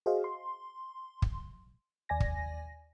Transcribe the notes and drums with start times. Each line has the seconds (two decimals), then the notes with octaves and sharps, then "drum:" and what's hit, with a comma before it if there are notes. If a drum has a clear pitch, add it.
0.06 F#4 G#4 C5 D#5 F5
0.24 C6
1.22 drum: kick
2.09 D#2 D5 G#5 A#6
2.20 drum: kick